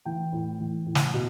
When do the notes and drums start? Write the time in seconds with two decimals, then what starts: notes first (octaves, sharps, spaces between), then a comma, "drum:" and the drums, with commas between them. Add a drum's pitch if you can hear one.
0.05 E3 G5
0.32 A2
0.60 E3
0.86 A2
0.95 drum: snare
1.14 B2